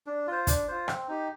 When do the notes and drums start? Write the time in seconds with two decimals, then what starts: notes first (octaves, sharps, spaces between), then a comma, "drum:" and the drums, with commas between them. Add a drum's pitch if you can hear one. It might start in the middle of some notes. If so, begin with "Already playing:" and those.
0.07 D4
0.27 F4 C5
0.47 D4, drum: kick, hi-hat
0.68 F4 C5
0.88 C4, drum: rim click
1.08 D#4 G4